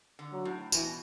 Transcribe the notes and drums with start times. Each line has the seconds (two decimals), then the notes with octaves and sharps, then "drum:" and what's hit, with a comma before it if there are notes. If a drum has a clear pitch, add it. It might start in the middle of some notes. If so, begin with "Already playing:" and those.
0.19 D3
0.32 F#3
0.45 A2
0.72 B2 E3, drum: tambourine